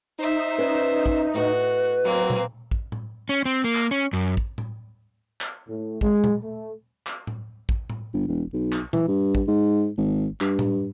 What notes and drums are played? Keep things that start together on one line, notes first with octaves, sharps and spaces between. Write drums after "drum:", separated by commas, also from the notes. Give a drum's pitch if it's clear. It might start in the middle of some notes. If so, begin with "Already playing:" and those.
D#4 C5 E5
C#4 B4 D5 D#5
drum: kick
A2 F#4 B4 D#5
F#3 A#3 C4
drum: tom A#2
drum: kick
drum: tom A2
C#4
C4
A#3
drum: clap
C#4
F#2
drum: kick
drum: tom A2
drum: clap
A2
G#3, drum: kick
drum: tom A#2
A3
drum: clap
drum: tom A2
drum: kick
drum: tom A2
G1
E1
B1
drum: clap
E3, drum: tom A#2
G2
drum: kick
G#2
G#1
G2, drum: clap
drum: tom A2